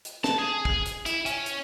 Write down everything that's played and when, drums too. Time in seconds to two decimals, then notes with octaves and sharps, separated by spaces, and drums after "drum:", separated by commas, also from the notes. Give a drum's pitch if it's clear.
0.05 drum: hi-hat
0.24 A5, drum: snare
0.39 G#4
0.65 drum: kick
0.85 drum: hi-hat
1.06 E4, drum: hi-hat
1.26 C#4, drum: hi-hat
1.46 drum: hi-hat